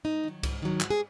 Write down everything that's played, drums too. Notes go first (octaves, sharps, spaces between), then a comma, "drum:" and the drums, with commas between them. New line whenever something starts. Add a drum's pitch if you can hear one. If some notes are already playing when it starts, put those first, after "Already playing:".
G#2 D#4
D#3 F#3
G#2, drum: kick C2, cymbal
D#3 F#3
G#2 F#4, drum: clap
G#4